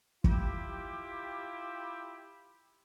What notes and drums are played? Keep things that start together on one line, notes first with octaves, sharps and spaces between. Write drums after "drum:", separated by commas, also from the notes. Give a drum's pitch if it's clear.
E4 F4 G4, drum: kick